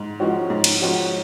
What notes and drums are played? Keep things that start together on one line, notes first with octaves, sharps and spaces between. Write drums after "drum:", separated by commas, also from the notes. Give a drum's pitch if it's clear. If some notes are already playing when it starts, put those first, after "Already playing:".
Already playing: G#2
F3 G#3 C#4 F#4
G#2
drum: cymbal
F3 G#3 C#4 F#4